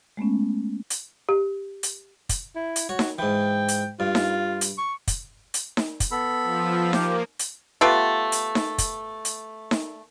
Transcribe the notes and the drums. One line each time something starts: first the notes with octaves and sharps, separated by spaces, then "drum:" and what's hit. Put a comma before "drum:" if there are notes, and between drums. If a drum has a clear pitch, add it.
G#3 A3 B3 C#4
drum: hi-hat
G4
drum: hi-hat
drum: kick, hi-hat
E4
drum: hi-hat
F#4 C#5
drum: snare D#4
G#2 E3 G5
drum: hi-hat
G2 F4
drum: snare D#4
drum: hi-hat
C#6
drum: kick, hi-hat
drum: hi-hat
drum: snare D#4
drum: kick, hi-hat
B3 A4 B5
F3
A#3 G4, drum: snare D#4
drum: hi-hat
A3 B3 F4 G4
drum: hi-hat
drum: snare D#4
drum: kick, hi-hat
drum: hi-hat
drum: snare D#4